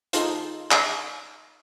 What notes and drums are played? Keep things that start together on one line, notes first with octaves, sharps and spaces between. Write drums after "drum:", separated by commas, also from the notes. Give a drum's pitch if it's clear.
D#4 F4 G#4 A4 C5 F5, drum: hi-hat
drum: clap